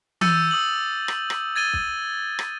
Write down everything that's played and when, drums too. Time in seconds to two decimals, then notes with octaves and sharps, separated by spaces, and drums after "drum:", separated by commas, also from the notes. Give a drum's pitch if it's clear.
0.21 D6 E6 G6 A6 C#7 D#7, drum: tom E3
0.51 D#6 F#7
1.08 drum: rim click
1.30 drum: rim click
1.56 G#6 A6 D#7 G7
1.73 drum: kick
2.39 drum: rim click